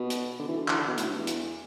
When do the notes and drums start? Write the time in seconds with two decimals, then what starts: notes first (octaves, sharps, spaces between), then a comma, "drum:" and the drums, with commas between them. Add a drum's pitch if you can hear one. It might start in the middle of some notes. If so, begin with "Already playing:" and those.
Already playing: B2
0.10 drum: hi-hat
0.39 D3
0.48 E3
0.58 D3
0.68 E3, drum: clap
0.78 D3
0.88 B2
0.98 A2, drum: hi-hat
1.08 G2
1.18 E2
1.27 drum: hi-hat